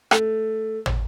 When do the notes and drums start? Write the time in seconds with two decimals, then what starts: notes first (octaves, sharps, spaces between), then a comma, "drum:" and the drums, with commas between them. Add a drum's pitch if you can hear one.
0.11 A3, drum: rim click
0.86 drum: tom